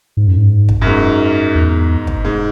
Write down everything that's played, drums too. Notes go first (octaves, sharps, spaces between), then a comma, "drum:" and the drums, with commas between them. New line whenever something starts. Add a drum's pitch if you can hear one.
G#2
F#2
G#2
drum: kick
F#2
G#2
E2
drum: kick
G#2